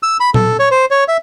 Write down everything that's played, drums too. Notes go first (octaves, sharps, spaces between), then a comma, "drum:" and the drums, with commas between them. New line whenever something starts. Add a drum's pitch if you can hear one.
E6
B5
A4, drum: tom A#2
C#5
C5
C#5
E5